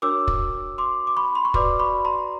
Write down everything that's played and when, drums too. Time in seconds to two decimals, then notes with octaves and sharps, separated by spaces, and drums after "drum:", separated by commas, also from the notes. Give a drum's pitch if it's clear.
0.02 D4 F#4 A#4 C#5 D6 E6
0.28 drum: kick
0.78 C6 D6
1.07 D6
1.17 B5 C#6
1.35 C6
1.45 C#6
1.54 F#4 B4 D5 C6 D6, drum: kick
1.80 B5 C#6
2.05 A#5 C6